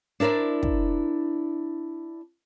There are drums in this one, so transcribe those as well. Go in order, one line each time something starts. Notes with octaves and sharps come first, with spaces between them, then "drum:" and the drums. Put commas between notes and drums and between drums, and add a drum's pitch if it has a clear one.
D4 E4 A#4 C5 D5
drum: kick